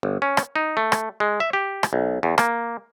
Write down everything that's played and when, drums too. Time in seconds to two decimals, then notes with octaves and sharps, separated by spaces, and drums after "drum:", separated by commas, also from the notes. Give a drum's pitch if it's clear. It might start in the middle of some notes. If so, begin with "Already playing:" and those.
0.03 G1
0.22 C#4
0.37 drum: rim click
0.56 D#4
0.77 A3
0.92 drum: rim click
1.20 G#3
1.40 E5
1.53 G4
1.83 drum: rim click
1.93 B1
2.23 E2
2.38 A#3, drum: rim click